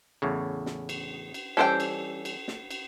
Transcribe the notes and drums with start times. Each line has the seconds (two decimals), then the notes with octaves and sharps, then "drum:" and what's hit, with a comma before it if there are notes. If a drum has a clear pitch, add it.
0.22 E2 A2 C#3
0.66 drum: snare
0.89 drum: cymbal
1.34 drum: cymbal
1.57 E3 G3 C#4 A4 C5 G5
1.80 drum: cymbal
2.25 drum: cymbal
2.48 drum: snare
2.71 drum: cymbal